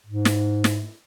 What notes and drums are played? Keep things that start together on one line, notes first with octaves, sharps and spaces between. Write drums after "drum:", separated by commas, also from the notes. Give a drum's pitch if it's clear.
G#2
drum: snare
drum: snare